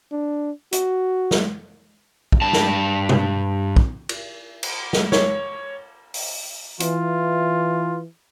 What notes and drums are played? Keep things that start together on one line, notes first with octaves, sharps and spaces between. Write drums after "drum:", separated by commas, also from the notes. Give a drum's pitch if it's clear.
D4
F#4, drum: hi-hat
drum: snare
drum: kick
G2 A5
drum: snare
drum: tom B2
drum: kick
drum: cymbal
drum: cymbal
drum: snare
C#5, drum: snare
drum: open hi-hat
E3 F4, drum: hi-hat